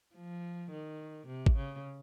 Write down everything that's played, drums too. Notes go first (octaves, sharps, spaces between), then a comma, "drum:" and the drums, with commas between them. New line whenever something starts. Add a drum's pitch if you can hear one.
F3
D#3
C3
drum: kick
C#3